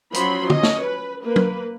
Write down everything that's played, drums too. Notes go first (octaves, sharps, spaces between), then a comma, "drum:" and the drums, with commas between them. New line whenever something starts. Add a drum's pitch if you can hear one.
F3 F#3 C#4 B5 C6, drum: hi-hat
C#4 D#5, drum: tom
drum: snare
B4
A#3 B4
drum: tom